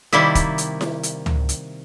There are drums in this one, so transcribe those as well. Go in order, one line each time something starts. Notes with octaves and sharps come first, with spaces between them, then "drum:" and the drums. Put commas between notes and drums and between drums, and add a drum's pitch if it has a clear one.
C3 D#3 G3 A#3 E4, drum: snare E4
drum: kick, hi-hat
drum: hi-hat
drum: snare E4
drum: hi-hat
drum: tom C#2
drum: hi-hat